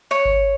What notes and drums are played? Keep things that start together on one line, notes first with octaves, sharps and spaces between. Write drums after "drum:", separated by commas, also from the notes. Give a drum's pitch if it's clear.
C#5
drum: kick G#1